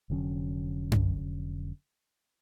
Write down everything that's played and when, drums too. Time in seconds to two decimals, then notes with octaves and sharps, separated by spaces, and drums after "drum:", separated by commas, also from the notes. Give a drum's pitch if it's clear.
0.10 F1 D3 F#3 C#4
0.92 drum: tom F#2